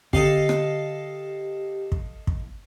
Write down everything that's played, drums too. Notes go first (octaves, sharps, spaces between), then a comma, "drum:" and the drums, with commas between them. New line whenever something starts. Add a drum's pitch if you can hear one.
D3 C4 G4 A4 D#5 F5, drum: kick
drum: rim click
drum: kick
drum: kick